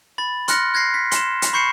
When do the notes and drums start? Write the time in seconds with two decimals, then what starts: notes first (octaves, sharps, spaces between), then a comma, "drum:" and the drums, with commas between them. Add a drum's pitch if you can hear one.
0.18 B5 A6
0.48 C6 F6 F#6 A#6 C#7, drum: hi-hat
0.74 F#6 G#6 A#6 C7
0.94 B6
1.12 C6 E7, drum: hi-hat
1.42 drum: hi-hat
1.53 B5 C#6 G6 C7 C#7 E7